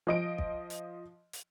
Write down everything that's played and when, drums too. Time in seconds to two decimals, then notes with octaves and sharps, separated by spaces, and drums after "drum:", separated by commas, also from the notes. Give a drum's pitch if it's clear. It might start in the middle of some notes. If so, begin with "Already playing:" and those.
0.07 F3 D#5 D7
0.38 drum: kick
0.70 drum: hi-hat
1.33 drum: hi-hat